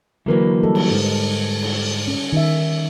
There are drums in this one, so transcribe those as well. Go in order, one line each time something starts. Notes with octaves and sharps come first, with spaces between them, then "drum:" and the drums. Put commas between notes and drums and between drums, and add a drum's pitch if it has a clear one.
D3 E3 F#3 A#3 A#4 B4
G3 A4 D#5
drum: cymbal
G#2
drum: cymbal
C#4
D#3 E5